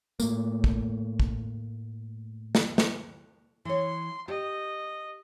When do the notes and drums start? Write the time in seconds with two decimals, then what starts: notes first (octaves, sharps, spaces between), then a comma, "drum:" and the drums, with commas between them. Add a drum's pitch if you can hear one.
0.20 A2 A3 A#3, drum: tambourine
0.64 drum: kick
1.20 drum: kick
2.55 drum: snare
2.78 drum: snare
3.65 E3 C#5 C6
4.28 G4 D#5